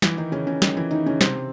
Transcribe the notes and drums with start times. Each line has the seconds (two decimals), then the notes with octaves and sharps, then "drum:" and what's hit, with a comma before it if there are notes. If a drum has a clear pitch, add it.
0.02 E3 E4, drum: snare
0.17 D#3 D#4
0.32 C#3 C#4
0.47 C#3 C#4
0.62 D#3 D#4, drum: snare
0.77 E3 E4
0.91 D#3 D#4
1.06 C#3 C#4
1.21 C3 C4, drum: snare